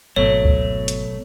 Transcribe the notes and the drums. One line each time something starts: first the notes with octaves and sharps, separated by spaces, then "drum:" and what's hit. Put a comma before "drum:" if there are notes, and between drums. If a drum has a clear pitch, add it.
G#1 B2 F#3 A3 C#5
drum: kick C#2
drum: hi-hat